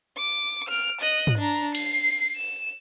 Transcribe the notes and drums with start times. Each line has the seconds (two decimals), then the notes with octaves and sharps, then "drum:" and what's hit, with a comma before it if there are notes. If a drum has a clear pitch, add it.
0.17 D6
0.69 F6 D7
1.01 D#5 F#6
1.27 drum: tom
1.38 D4 A#5
1.75 C7, drum: cymbal
2.37 E7